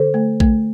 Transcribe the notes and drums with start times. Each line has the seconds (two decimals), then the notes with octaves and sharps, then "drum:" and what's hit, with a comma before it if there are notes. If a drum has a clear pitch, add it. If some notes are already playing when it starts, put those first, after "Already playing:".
Already playing: D3 A4 C5
0.14 A3
0.40 A3, drum: kick A#1